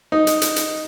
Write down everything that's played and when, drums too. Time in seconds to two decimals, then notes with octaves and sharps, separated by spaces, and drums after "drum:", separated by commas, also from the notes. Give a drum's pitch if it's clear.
0.12 D#4
0.27 drum: hi-hat
0.42 drum: hi-hat
0.56 drum: hi-hat